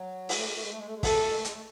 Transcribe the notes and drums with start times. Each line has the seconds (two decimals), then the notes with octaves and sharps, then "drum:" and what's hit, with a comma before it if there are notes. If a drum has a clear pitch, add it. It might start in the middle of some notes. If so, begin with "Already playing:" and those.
Already playing: F#3
0.29 G#3, drum: open hi-hat
0.37 A3
0.45 G#3
0.54 A3
0.62 G#3
0.71 A3
0.78 G#3
0.86 A3
0.96 G#3
1.03 A3 A4, drum: kick, open hi-hat
1.11 G#3
1.20 A3
1.28 G#3
1.36 A3
1.45 G#3, drum: hi-hat
1.53 A3